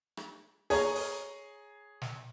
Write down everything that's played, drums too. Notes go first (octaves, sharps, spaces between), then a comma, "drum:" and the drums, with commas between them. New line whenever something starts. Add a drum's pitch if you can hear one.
drum: rim click
G#4 C#5 A#5, drum: open hi-hat
drum: open hi-hat
drum: snare